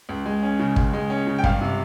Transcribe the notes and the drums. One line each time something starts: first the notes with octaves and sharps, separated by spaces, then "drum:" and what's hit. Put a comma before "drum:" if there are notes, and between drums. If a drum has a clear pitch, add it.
C#2
G#3
C#4
C#3
C#2, drum: kick
G#3
C#4
C#3
G5
G1 F5, drum: kick
C3